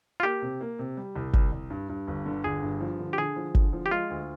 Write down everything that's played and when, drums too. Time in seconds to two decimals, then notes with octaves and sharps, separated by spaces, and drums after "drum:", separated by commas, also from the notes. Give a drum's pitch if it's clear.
0.20 F4
0.23 A#3 G4
0.42 C3
0.61 A#3
0.79 C3
0.97 G3
1.16 C2
1.33 C2, drum: kick
1.52 C2
1.70 G2
1.89 G2
2.08 G1
2.26 D3
2.44 G1 G#4
2.63 G2
2.81 F3
2.99 D3
3.13 G4
3.18 D3 G#4
3.36 F3
3.55 D3, drum: kick
3.73 F3
3.86 G4
3.91 G#3 F4
4.10 D2